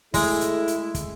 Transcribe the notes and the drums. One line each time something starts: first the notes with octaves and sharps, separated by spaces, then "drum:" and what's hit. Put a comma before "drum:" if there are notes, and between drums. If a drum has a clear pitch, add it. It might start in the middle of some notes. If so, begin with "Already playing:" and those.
G#3 A3 E4 G#4, drum: kick, open hi-hat
drum: hi-hat
drum: hi-hat
drum: kick, hi-hat